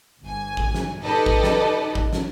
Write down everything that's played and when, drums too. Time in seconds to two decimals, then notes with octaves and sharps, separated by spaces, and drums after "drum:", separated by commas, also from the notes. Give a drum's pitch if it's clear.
0.23 G1 G#5
0.57 drum: kick
0.75 drum: snare
1.03 D#4 G4 A4 B4 D5 D#5
1.26 drum: kick
1.44 drum: snare
1.95 drum: kick
2.13 drum: snare